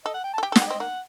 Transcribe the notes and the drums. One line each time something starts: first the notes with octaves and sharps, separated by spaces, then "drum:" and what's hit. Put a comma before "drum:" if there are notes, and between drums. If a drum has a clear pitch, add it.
A4 D#5
F#5
G5
A4 A5
G4 G5
A4
F#5, drum: snare
G4
C4 D#5
A#3 F#5